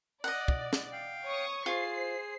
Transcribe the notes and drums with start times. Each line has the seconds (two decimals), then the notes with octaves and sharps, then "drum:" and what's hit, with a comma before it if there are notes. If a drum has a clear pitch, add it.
0.24 D5 D#5 F#5
0.48 drum: kick
0.73 drum: snare
0.92 F5 G5
1.26 C#5 C#6 D#6
1.66 F4 G#4 C5 C7